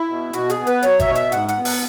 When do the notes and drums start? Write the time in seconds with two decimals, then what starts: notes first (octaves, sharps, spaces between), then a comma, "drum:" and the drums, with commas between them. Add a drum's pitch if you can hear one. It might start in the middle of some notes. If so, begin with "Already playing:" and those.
Already playing: E4
0.09 B2
0.33 B2 F#4, drum: hi-hat
0.50 G#4, drum: hi-hat
0.58 B3
0.67 B4, drum: hi-hat
0.82 F#3 C#5, drum: hi-hat
0.99 E5, drum: kick G#1, hi-hat
1.07 B2 C#5
1.15 E5, drum: hi-hat
1.32 G#2 F#5, drum: hi-hat
1.48 F#5, drum: hi-hat
1.57 B3
1.65 F#5, drum: open hi-hat